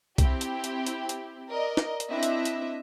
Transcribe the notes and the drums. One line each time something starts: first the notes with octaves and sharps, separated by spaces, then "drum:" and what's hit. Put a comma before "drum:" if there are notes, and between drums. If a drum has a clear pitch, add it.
C4 E4 G4, drum: kick C2, hi-hat
drum: hi-hat
drum: hi-hat
drum: hi-hat
drum: hi-hat
A#4 D5 D#5
drum: snare
drum: hi-hat
C4 D4 E4 D#5 E5
drum: hi-hat
drum: hi-hat